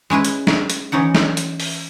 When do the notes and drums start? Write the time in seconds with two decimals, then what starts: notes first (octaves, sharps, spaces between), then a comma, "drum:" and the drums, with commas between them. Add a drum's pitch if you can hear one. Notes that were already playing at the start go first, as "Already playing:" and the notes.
0.10 G#3 C#4 E4 B4
0.25 drum: hi-hat
0.47 drum: snare
0.70 drum: hi-hat
0.92 E3 C#4 D#4 F#5
1.15 drum: snare
1.37 drum: hi-hat
1.60 drum: open hi-hat